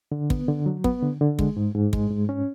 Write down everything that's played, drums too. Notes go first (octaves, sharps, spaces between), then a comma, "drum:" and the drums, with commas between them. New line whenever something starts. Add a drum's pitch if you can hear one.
D3
B3, drum: kick
D3
F#3
B3, drum: kick
D3
D3
G#3, drum: kick
G#2
G#2
G#3, drum: kick
G#2
C#4